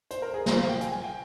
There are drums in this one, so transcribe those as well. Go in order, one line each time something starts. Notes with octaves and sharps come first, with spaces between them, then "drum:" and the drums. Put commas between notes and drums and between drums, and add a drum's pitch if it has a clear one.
C5, drum: hi-hat
A#4
G#4
C5, drum: snare
F5
G5
G#5, drum: hi-hat
G#5
G5